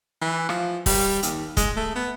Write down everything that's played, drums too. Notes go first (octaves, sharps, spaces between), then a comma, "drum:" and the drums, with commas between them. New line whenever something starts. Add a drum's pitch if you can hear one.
E3
F3, drum: rim click
G3, drum: kick, open hi-hat
D#2, drum: hi-hat
G#3, drum: kick, hi-hat
A3
B3